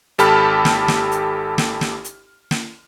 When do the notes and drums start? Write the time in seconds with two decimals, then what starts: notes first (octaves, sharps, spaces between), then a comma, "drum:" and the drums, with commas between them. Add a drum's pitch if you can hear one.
0.18 G#1 G4 A4 A5 B5 F6, drum: hi-hat
0.65 drum: snare
0.88 drum: snare
1.11 drum: hi-hat
1.58 drum: snare
1.81 drum: snare
2.04 drum: hi-hat
2.51 drum: snare